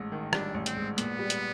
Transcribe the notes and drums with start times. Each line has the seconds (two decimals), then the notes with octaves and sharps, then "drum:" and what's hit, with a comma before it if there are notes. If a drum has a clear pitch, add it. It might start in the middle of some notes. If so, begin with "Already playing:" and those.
Already playing: A1 G#2
0.12 D#3
0.33 G3 D4, drum: rim click
0.54 A1
0.66 C4, drum: hi-hat
0.77 G#2
0.98 A#2 B3, drum: hi-hat
1.19 G3
1.30 drum: hi-hat